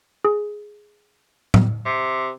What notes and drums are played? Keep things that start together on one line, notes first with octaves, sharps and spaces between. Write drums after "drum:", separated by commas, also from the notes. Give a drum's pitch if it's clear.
G#4
drum: tom A2
C3